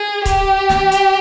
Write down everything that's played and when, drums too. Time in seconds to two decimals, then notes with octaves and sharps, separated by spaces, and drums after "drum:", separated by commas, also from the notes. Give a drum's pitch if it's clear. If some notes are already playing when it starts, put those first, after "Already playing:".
Already playing: G#4
0.25 G4, drum: kick C#1, hi-hat
0.69 drum: snare
0.92 drum: hi-hat